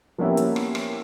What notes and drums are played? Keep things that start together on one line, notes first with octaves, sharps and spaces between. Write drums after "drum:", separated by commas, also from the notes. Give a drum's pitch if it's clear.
F3 A#3 B3 C#4 E4 G4
drum: hi-hat
drum: rim click
drum: rim click